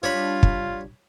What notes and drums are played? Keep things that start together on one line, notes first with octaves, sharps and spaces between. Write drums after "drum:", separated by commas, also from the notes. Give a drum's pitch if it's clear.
G3 D4 F4 C#5 B5
drum: kick